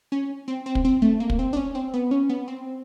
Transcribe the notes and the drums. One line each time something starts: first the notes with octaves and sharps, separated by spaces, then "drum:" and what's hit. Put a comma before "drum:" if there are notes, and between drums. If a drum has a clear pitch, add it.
C#4
C4
C4
drum: kick
C4
A3
A#3
drum: kick
C4
D4
C#4
C4
B3
C#4
B3
C4